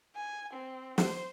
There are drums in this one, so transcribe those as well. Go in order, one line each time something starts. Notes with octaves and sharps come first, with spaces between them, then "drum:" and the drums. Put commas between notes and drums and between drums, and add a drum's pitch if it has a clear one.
G#5
C4
C5, drum: snare